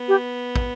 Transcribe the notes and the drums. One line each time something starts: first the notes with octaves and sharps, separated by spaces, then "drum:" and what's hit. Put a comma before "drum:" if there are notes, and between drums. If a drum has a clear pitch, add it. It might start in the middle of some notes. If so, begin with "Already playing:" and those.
Already playing: B3
G4
drum: kick